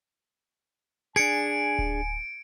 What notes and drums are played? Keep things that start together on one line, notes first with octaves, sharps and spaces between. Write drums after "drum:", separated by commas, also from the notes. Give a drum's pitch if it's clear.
D4 G#4 G#5 G#6 C#7 D7
drum: kick D1